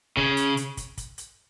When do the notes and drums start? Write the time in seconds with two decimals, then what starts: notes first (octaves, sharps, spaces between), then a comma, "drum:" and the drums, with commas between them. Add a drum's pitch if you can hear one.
0.17 C#3, drum: kick
0.37 drum: hi-hat
0.57 drum: hi-hat
0.77 drum: kick, hi-hat
0.98 drum: kick, hi-hat
1.18 drum: hi-hat